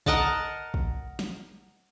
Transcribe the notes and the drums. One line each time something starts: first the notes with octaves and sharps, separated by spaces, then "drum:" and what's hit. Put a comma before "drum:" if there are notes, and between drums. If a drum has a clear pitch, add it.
A#4 D#5 F#5 A5, drum: kick
drum: kick
drum: snare